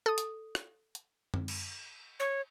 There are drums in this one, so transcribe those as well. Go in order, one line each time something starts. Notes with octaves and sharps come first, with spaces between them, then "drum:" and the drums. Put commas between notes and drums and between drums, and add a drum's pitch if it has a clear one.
A4 D#6
drum: hi-hat
drum: rim click
drum: hi-hat
drum: tom
drum: cymbal
C#5